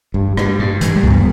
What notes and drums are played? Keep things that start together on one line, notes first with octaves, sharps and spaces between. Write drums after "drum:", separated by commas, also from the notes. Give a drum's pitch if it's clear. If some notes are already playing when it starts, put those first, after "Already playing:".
G2
G2, drum: rim click
G2
G2 E3, drum: hi-hat
G3
G2, drum: kick C#2
B3